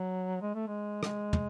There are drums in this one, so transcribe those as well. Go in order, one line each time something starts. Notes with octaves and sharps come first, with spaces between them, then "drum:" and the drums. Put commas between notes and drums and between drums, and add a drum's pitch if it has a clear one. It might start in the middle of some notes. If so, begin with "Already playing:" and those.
Already playing: F#3
G#3
A3
G#3
G#3, drum: rim click
drum: tom